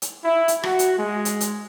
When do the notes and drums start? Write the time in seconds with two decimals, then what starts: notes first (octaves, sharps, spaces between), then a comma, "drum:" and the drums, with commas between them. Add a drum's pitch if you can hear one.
0.02 drum: hi-hat
0.25 E4
0.48 drum: hi-hat
0.63 F#4, drum: rim click
0.79 drum: hi-hat
0.99 G#3
1.25 drum: hi-hat
1.41 drum: hi-hat